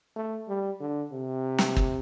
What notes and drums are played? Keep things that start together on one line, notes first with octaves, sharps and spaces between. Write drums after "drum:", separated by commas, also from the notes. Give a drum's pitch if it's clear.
A3
G3
D3
C3
drum: snare
drum: kick